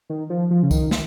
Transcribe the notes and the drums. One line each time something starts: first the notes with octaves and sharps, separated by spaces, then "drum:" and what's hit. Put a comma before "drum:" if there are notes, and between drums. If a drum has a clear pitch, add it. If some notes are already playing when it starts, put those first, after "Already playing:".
D#3
F3
F3
C#3
D#3, drum: kick C2, tambourine
drum: snare